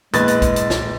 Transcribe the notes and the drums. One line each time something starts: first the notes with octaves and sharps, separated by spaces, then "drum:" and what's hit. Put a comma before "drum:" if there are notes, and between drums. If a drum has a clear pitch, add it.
A#1 E2 G#3 B4 A6, drum: hi-hat
drum: hi-hat
drum: kick B1, hi-hat
drum: hi-hat
drum: snare